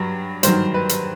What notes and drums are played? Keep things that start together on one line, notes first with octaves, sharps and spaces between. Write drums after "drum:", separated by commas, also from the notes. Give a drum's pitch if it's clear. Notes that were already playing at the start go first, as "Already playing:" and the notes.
Already playing: G2 F#3
G2 D#3 F#3 C5, drum: hi-hat
B4
drum: hi-hat